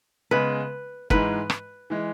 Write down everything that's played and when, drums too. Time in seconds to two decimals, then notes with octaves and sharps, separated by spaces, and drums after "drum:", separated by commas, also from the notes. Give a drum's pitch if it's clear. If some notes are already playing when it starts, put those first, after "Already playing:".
0.31 C#3 G#3 B3 B4
1.10 G#2 E3 G#3 B4, drum: kick
1.50 drum: rim click
1.90 E3 G#3